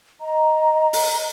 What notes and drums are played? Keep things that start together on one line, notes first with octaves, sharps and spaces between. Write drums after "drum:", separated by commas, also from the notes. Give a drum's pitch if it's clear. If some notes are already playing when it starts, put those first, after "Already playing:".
D#5 A#5
drum: open hi-hat